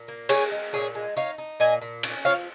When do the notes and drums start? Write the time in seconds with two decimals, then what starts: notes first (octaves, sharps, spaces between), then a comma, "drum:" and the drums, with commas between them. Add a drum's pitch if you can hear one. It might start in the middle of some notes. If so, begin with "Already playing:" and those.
Already playing: A#2
0.08 A#3
0.29 G#3 G#4 C#5, drum: cymbal
0.51 G#3
0.73 A#2 G#4 C#5
0.95 G#3
1.16 D#4 C#5 F5
1.38 D#4
1.60 A#2 D#5 G#5
1.82 A#2
2.03 C#4, drum: cymbal
2.25 F3 C#5 F5